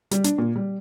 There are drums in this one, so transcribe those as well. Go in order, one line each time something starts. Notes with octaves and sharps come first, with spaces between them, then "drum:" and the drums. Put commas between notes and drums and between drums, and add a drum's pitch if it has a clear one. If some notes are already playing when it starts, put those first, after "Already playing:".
G3, drum: hi-hat
D4, drum: hi-hat
A#2
G3